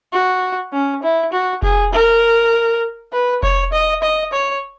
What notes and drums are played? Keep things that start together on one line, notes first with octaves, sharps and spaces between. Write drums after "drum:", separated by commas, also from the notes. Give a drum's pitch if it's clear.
F#4
C#4
E4
F#4
G#4, drum: kick F1
A#4
B4
C#5, drum: kick F1
D#5
D#5
C#5